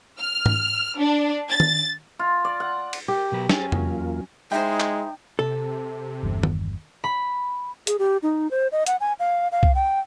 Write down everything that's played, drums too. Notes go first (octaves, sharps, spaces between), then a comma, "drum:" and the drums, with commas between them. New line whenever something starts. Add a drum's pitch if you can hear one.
F6
drum: tom G#2
D4
A6
drum: tom D#3
F4
D5
F#5
drum: cymbal
G4 A#4
B2 F#3 B4
F#3 C#4 G#4 C5 G#5 A6, drum: snare
E2 A#3 F4, drum: tom F2
G#3 D#4 E4 C5 G5
drum: clap
C3 A4
G1 E2 G2
drum: tom D#3
B5
G#4, drum: hi-hat
G4
D#4
C5
D#5
F#5, drum: hi-hat
G#5
F5
F5
drum: kick C2
G5